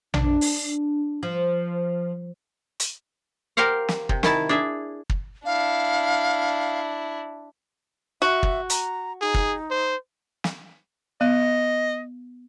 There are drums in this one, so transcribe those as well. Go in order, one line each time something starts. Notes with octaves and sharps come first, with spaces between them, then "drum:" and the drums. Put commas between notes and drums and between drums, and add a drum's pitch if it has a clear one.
D4, drum: tom A#1
drum: open hi-hat
F3
drum: hi-hat
G4 A#4 C5 F5 F#5
drum: snare
C3, drum: kick
D#3 E4 A5, drum: snare
D4 G#4 E5
drum: kick
D4 E4 F5
F#4 E5
drum: kick
A#5, drum: hi-hat
D#4 G#4
drum: kick
C5
drum: snare
B3 D#5